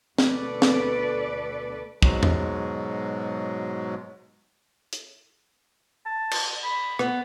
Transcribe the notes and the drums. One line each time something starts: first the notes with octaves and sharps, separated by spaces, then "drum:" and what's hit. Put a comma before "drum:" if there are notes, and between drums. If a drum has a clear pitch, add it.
D2 B2 A4 B4 D5, drum: snare
drum: snare
G#2 B2 F#3 G#3, drum: kick
drum: tom E2
drum: hi-hat
A5
drum: cymbal
B5
B3, drum: rim click